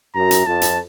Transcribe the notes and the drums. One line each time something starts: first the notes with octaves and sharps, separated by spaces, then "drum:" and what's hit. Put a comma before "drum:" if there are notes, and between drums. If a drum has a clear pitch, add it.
F#2 A#5
drum: hi-hat
F2 A5
drum: hi-hat